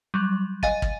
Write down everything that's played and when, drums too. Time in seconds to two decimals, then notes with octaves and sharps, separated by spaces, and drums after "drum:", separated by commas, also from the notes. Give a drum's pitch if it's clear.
0.14 F#3 G3
0.63 D#5 F5 G#5 A6 D#7, drum: kick
0.82 drum: kick